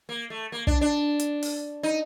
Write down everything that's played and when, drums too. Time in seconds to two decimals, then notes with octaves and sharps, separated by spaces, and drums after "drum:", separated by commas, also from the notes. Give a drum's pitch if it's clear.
0.09 A#3
0.30 A3
0.52 A#3
0.67 D4, drum: kick
0.81 D4
1.19 drum: hi-hat
1.43 drum: open hi-hat
1.83 D#4